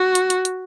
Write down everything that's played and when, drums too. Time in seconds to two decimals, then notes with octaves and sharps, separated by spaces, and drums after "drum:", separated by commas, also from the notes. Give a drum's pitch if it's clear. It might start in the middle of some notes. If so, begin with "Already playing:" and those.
Already playing: F#4
0.15 drum: hi-hat
0.30 drum: hi-hat
0.45 drum: hi-hat